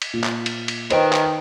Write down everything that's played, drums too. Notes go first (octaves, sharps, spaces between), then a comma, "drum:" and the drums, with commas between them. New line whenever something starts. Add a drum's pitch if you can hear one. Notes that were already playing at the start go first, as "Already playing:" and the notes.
drum: cymbal
A#2
drum: clap
drum: cymbal
drum: cymbal
D#3 B4 C5 D#5 G5, drum: cymbal
drum: clap